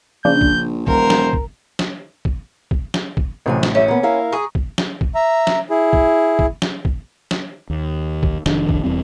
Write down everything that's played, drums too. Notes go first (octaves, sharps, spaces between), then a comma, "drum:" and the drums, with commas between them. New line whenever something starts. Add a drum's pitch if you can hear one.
A#1 C#3 F3 D4 G6
drum: kick
E1 A#4 C5, drum: kick
drum: snare
drum: kick
drum: snare
drum: kick
drum: kick
drum: snare
drum: kick
A1 A2 C3 F#3 G#5
drum: snare
F#2 C#4 G4 E5
A#2 A#3 B3
E4 A#4 F5
G#4 A#5 C#6 D#6
drum: kick
drum: snare
drum: kick
E5 A#5
drum: snare
E4 G#4
drum: kick
drum: kick
drum: snare
drum: kick
drum: snare
D#2
drum: kick
F1 D#3 F3 D4, drum: snare
drum: kick
E1 E2 G3 C4